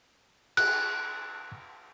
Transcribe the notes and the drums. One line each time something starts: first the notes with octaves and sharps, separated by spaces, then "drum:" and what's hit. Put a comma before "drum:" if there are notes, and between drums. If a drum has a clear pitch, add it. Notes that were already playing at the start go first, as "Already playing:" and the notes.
F#6, drum: cymbal